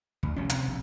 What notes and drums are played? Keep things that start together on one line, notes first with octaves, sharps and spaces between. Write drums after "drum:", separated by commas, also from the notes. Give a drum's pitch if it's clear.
D2
F1 D#2 C#4
C3, drum: hi-hat
A#1